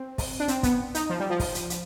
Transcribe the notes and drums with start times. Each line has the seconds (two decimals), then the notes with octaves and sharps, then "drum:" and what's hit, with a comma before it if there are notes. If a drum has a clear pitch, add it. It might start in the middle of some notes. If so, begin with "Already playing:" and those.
Already playing: C4
0.18 drum: kick, open hi-hat
0.40 D4
0.48 C4, drum: hi-hat
0.63 B3, drum: kick, hi-hat
0.95 D#4, drum: hi-hat
1.10 F3
1.20 G3
1.30 F3
1.40 drum: kick, open hi-hat
1.55 drum: hi-hat
1.70 drum: hi-hat